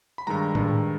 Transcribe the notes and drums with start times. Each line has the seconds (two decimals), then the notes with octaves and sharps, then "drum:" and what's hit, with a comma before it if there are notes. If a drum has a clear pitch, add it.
0.18 B5
0.27 G2 D#3 G#3 A#5
0.55 G2 D#3 G#3, drum: tom A2